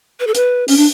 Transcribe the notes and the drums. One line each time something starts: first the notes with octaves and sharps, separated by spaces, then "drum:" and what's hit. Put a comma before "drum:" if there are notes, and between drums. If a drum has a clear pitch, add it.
B4
A4
B4, drum: hi-hat
C#4, drum: open hi-hat
D4